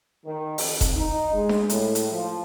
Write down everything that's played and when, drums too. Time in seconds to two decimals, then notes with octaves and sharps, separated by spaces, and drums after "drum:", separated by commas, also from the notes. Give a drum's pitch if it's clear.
0.25 D#3
0.58 F2, drum: open hi-hat
0.81 drum: kick F1, hi-hat
0.95 D#4
1.32 G#3
1.49 drum: snare D4
1.69 A2, drum: hi-hat
1.95 drum: hi-hat
2.11 F3